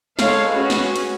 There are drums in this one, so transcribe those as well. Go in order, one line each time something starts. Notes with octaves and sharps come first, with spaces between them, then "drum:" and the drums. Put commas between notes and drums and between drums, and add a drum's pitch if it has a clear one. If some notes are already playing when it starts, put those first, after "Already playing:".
G#3 A4 C#5 F5, drum: snare
C#4 F#4 G#4 B4
drum: snare
drum: hi-hat